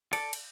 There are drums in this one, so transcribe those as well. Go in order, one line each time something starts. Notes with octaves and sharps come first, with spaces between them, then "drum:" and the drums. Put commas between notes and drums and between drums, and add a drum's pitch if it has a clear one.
A4 D5, drum: cymbal
drum: cymbal